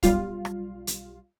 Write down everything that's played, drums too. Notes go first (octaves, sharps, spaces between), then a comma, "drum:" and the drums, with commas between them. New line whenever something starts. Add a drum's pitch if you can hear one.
B1 G3 F4 F5, drum: kick, hi-hat
drum: rim click
drum: hi-hat